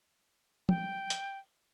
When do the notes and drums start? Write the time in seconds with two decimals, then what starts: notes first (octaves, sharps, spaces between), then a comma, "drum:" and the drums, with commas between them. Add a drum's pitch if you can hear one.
0.69 G5, drum: tom
1.10 drum: hi-hat